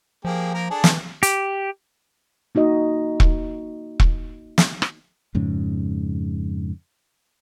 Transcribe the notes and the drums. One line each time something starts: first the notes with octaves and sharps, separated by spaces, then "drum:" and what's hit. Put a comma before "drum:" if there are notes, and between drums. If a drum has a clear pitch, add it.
F3 A#3 G4 G#4
A#3 A#4
D4 G#4 A4
E3, drum: snare
G4, drum: hi-hat
A#3 D#4 F#4 D#5
drum: kick E1
drum: kick E1
drum: snare
drum: rim click
F2 G#2 C#3